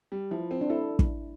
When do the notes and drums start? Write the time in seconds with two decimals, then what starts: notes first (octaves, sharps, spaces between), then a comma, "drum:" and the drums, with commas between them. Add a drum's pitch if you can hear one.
0.12 G3
0.31 F3 E4
0.51 C4
0.61 D4
0.70 E4 A4
0.99 drum: kick